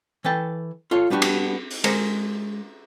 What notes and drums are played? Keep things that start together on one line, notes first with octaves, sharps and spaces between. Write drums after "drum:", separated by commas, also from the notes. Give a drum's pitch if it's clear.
E3 A4 B4 G5 A5
F4 A4 C#5 F5
G3 B3 D4 F#4 G4
drum: cymbal
drum: open hi-hat
G#3 A#4 C5, drum: cymbal